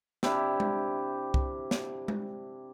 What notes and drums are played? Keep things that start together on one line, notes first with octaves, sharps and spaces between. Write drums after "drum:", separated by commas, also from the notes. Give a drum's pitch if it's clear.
C3 D4 E4 G4, drum: snare
drum: tom G#3
drum: kick C2
drum: snare
drum: tom G#3